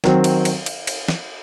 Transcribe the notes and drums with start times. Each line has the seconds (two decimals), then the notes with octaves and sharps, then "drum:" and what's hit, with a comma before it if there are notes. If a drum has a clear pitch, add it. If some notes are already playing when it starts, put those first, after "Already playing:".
0.04 D#3 F#3 C4, drum: snare
0.24 drum: cymbal
0.45 drum: cymbal
0.66 drum: cymbal
0.87 drum: cymbal
1.08 drum: snare